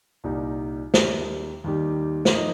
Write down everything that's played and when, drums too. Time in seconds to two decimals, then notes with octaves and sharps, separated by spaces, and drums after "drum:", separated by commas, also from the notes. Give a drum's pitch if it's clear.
0.24 C2 A#2 G3 D#4 G4
0.94 D#2 D#3 G3 D#4 G4, drum: snare
1.64 D#2 D#3 G3 D#4 G4
2.25 drum: snare
2.35 F3 D#4 A#4 D#5